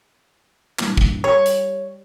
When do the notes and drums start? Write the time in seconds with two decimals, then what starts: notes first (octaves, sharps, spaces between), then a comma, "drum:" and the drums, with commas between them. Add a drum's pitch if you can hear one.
0.79 G2 A#2 E3, drum: clap
0.97 drum: kick
1.24 G3 C#5
1.46 drum: hi-hat